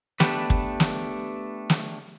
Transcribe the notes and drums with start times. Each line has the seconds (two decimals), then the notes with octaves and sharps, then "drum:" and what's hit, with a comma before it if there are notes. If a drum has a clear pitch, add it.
0.20 A3 B3 D4 G4 B4, drum: snare
0.50 drum: kick
0.80 drum: snare
1.70 drum: snare